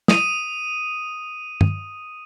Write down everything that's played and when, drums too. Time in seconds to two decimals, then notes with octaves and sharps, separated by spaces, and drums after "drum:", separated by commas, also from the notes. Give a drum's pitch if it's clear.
0.08 D#6 D#7, drum: snare
1.61 drum: tom G2